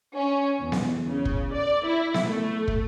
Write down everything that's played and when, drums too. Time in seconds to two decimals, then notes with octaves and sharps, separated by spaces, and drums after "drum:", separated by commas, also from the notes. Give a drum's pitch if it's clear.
0.15 C#4
0.61 E2
0.72 drum: snare B3
1.08 C#3
1.25 drum: kick
1.53 D5
1.86 E4
2.14 drum: snare B3
2.26 A3
2.68 drum: kick